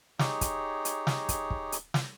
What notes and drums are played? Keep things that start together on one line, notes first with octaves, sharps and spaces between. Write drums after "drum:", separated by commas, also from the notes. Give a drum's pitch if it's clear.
D#4 G4 G#4 C#5, drum: snare
drum: kick, hi-hat
drum: hi-hat
drum: snare
drum: kick, hi-hat
drum: kick
drum: hi-hat
drum: snare